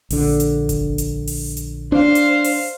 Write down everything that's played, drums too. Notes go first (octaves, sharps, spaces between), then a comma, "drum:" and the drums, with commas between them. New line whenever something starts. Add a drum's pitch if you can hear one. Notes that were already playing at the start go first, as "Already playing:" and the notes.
A#1 D3, drum: open hi-hat
drum: hi-hat
drum: kick F#1, hi-hat
drum: hi-hat
drum: open hi-hat
drum: hi-hat
D4 C5 F5
drum: hi-hat
drum: open hi-hat